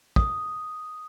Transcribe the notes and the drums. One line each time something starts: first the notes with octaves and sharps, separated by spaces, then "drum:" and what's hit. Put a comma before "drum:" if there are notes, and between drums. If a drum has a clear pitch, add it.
D#6, drum: kick